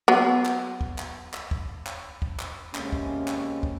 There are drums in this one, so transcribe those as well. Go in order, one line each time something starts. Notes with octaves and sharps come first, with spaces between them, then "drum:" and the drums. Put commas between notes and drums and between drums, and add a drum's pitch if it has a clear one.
F#3 B3
drum: clap
drum: kick
drum: clap
drum: clap
drum: kick
drum: clap
drum: kick
drum: clap
C3 G#3 A#3 C#4, drum: clap
drum: kick
drum: clap
drum: kick